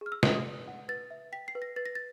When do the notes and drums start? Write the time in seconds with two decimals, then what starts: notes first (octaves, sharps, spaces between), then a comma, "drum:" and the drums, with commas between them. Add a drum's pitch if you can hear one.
0.01 G#4 F6
0.12 E6
0.23 B4 D#6, drum: snare
0.35 D#6
0.44 D5
0.68 F#5
0.89 B4 A6
1.11 E5
1.32 G5 B6
1.48 C7
1.55 B4
1.62 A#6
1.76 B4 A6
1.86 A#6
1.95 A6